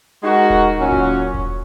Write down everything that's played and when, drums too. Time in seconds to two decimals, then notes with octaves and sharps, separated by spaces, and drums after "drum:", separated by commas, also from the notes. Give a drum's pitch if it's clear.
0.22 G#3 D#4 F#4 A#4
0.50 drum: kick D#1
0.79 A#2 F#3 C#4 F#4
0.92 drum: kick D#1
1.34 drum: kick D#1